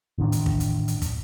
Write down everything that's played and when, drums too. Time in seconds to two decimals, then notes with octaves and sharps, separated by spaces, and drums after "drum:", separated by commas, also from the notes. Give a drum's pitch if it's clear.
0.18 A1 D#3 D4
0.32 drum: hi-hat
0.46 drum: kick
0.60 drum: hi-hat
0.88 drum: hi-hat
1.02 drum: kick, hi-hat